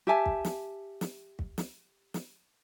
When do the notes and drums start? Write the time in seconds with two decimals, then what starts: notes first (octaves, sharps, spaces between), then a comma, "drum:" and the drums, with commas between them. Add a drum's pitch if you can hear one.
0.07 G4 E5 G#5 A5
0.26 drum: kick
0.45 drum: snare
1.01 drum: snare
1.39 drum: kick
1.58 drum: snare
2.14 drum: snare